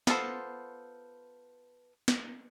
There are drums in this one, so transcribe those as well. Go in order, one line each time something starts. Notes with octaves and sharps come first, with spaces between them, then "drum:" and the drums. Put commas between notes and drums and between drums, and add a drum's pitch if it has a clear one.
B3 F4 A4 C5, drum: snare
drum: snare